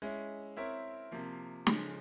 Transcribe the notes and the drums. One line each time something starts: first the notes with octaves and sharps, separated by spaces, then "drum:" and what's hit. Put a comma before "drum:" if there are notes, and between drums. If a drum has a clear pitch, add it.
G#3 C#4 E4
C4 E4 A#4 C#5 E5
C3 F3 A#3
C#3 F3 G#3, drum: snare